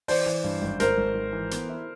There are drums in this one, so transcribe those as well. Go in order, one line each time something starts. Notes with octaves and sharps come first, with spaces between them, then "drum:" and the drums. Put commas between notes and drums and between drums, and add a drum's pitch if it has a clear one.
E3 C5 D5, drum: open hi-hat
E3
G2
G#1
G#1 A#4 C5, drum: hi-hat
G#1
G#1
E3
B3, drum: hi-hat
E4